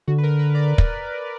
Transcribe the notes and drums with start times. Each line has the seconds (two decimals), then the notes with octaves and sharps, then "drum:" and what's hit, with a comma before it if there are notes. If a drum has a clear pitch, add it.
0.08 D3 F#4
0.18 B4
0.23 A#4
0.39 B4
0.55 D5
0.78 drum: kick